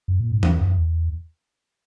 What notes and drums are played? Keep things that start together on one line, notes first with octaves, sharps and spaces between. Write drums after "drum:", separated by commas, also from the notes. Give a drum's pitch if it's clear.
F#2
A#2
G#2
E2, drum: tom E3
F#2
E2